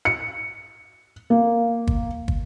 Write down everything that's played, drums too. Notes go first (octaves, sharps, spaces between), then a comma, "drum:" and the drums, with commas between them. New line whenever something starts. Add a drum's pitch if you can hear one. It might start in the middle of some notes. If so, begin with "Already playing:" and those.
C#7
A#3
drum: kick
drum: kick